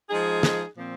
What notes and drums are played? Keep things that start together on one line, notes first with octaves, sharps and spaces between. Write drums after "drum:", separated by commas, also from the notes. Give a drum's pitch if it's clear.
F3 G#3 D#4 G#4
drum: snare
A#2 F3 C4